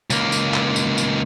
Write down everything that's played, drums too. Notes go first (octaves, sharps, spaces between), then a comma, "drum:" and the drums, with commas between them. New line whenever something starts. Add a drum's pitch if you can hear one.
C#2 A#3, drum: tambourine
drum: tambourine
drum: clap
drum: tambourine
drum: tambourine